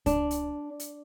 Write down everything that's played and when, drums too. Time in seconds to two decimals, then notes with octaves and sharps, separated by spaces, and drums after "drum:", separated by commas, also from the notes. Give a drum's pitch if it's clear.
0.06 D4, drum: kick C#2, hi-hat
0.31 drum: hi-hat
0.80 drum: hi-hat